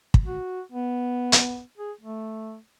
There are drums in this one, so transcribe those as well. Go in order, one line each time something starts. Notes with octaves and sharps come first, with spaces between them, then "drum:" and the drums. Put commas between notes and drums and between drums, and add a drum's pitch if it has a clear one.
drum: kick
F#4
B3
drum: hi-hat
G#4
A3